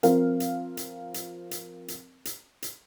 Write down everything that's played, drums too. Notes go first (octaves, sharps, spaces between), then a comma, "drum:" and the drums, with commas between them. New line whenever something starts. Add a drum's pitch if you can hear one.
F3 C4 A#4 F5, drum: hi-hat
drum: hi-hat
drum: hi-hat
drum: hi-hat
drum: hi-hat
drum: hi-hat
drum: hi-hat
drum: hi-hat